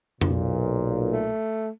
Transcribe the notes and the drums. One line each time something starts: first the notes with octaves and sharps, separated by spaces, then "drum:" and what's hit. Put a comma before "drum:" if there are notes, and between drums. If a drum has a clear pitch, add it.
B1 A#2, drum: tom F2
A3